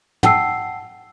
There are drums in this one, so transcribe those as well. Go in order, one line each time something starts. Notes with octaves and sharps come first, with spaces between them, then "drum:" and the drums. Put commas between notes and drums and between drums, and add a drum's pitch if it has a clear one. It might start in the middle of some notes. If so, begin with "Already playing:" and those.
F#5 G5 A5 E6 C7, drum: tom